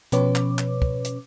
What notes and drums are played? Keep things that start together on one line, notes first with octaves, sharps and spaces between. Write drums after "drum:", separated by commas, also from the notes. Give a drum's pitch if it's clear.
B2 F3 C#4 B4 C#5 D6, drum: hi-hat
drum: clap
drum: clap
drum: kick
drum: hi-hat